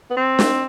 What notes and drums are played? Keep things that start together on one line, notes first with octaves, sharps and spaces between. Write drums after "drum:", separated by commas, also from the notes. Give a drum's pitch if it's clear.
B3
C4
drum: snare